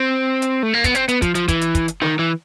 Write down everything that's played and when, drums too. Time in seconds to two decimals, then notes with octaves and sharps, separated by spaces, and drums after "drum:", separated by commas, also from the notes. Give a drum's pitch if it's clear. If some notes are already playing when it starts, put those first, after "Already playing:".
Already playing: C4
0.42 drum: hi-hat
0.63 A3
0.73 A#3
0.84 B3, drum: kick, hi-hat
0.95 C4, drum: hi-hat
1.08 B3, drum: hi-hat
1.22 F3, drum: kick, hi-hat
1.35 F3, drum: hi-hat
1.48 E3, drum: kick, hi-hat
1.61 drum: hi-hat
1.75 drum: kick, hi-hat
1.88 drum: hi-hat
2.02 D#3, drum: snare
2.19 E3